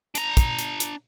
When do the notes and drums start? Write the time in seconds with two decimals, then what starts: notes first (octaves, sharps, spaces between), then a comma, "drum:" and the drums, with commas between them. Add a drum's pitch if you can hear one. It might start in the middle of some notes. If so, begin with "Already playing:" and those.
0.15 D4 A#5, drum: hi-hat
0.37 drum: kick, hi-hat
0.59 drum: hi-hat
0.80 drum: hi-hat